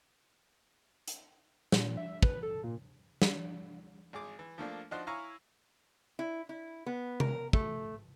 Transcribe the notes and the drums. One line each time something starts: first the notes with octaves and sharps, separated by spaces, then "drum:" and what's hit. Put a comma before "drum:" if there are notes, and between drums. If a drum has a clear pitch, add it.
drum: hi-hat
A#2, drum: snare
E5
B4, drum: kick
A4
A#2
drum: snare
G#1 G#4 D6
E3
F3 A3 A#3 D4
F3 D4 D#4 F#4 C5 F#6
E4 C#5 F5 G#5 A#5 C#6
E4
E4
B3
A#4, drum: tom C3
A3, drum: kick